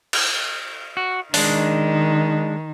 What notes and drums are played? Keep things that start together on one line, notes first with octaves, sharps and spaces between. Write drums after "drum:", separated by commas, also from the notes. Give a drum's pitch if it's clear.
drum: cymbal
F#4
D#3 G#3 D4, drum: open hi-hat